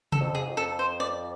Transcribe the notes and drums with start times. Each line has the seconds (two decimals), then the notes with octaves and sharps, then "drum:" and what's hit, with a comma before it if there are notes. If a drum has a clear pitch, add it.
0.12 A4, drum: tom C3
0.20 F2
0.35 G#4
0.41 G#2
0.49 F2
0.57 A4
0.79 C5
1.00 D5